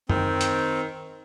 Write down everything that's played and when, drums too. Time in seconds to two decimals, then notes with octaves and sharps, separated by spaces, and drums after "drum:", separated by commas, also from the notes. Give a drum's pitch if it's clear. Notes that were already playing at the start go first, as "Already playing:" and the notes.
0.09 D#3 C4, drum: tom F#2
0.41 drum: hi-hat